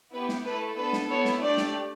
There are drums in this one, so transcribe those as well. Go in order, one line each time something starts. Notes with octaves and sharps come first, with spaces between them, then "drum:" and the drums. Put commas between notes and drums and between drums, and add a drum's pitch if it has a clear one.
B3 E4 G4 B4
drum: snare
A3 E4 A4 B4
B3 D4 A4 B4
drum: snare
B3 E4 A4 C#5
drum: snare
A3 D4 G4 D5
drum: snare